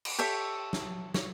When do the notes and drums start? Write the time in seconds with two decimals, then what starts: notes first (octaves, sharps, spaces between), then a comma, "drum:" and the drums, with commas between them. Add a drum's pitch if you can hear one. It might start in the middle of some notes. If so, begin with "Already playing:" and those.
0.05 drum: cymbal
0.19 G4 A4 C#5 E5
0.73 drum: snare
1.14 C#5, drum: snare